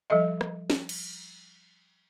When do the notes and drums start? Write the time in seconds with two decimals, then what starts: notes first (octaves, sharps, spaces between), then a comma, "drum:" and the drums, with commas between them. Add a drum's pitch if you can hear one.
0.10 F3 G3 A4 D#5 E5
0.41 drum: rim click
0.70 drum: snare
0.89 drum: cymbal